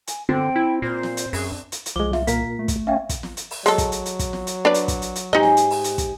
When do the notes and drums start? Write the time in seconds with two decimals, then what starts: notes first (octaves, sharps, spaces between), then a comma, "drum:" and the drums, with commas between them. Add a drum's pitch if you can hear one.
0.07 G#5, drum: hi-hat
0.29 D3 C4 G5
0.56 E4
0.82 A#2 C5
1.03 drum: snare
1.17 drum: hi-hat
1.33 F#2 G#4, drum: open hi-hat
1.50 D4
1.72 drum: hi-hat
1.86 drum: hi-hat
1.96 C2 F3 G#3 D6 G7
2.13 F4 E5, drum: snare
2.27 A#2 A#3 A#4 B6, drum: hi-hat
2.59 A3
2.68 drum: kick, hi-hat
2.87 C#4 E5 F5 G5
3.09 drum: kick, hi-hat
3.23 drum: snare
3.37 drum: hi-hat
3.51 drum: open hi-hat
3.66 F#3 G#3 A4, drum: hi-hat
3.78 drum: kick, hi-hat
3.92 drum: hi-hat
4.06 drum: hi-hat
4.19 drum: kick, hi-hat
4.33 drum: snare
4.47 drum: hi-hat
4.65 D4 B4 D5
4.74 drum: hi-hat
4.88 drum: kick, hi-hat
5.02 drum: hi-hat
5.16 drum: hi-hat
5.33 G#2 D#4 G4 G#4 C5 D#5 G#5
5.43 drum: snare
5.57 drum: hi-hat
5.70 drum: open hi-hat
5.84 drum: hi-hat
5.98 drum: kick, hi-hat